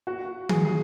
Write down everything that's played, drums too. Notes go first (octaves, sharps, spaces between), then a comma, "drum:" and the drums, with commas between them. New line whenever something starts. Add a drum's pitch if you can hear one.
F#4
G#4, drum: tom D#3
G#4